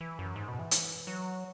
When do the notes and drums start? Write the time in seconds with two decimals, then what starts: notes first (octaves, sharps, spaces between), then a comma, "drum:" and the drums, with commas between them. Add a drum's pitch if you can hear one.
0.01 E3
0.19 F#2
0.36 G#2
0.48 B2
0.59 E3
0.71 drum: hi-hat
1.07 F#3